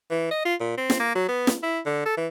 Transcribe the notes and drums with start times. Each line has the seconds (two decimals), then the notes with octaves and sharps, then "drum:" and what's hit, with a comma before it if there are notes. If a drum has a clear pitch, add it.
0.10 E3
0.31 D#5
0.45 F4
0.60 A#2
0.78 C4
0.90 drum: snare
1.00 A#3
1.15 F#3
1.28 B3
1.47 drum: snare
1.63 E4
1.86 D3
2.06 A4
2.17 E3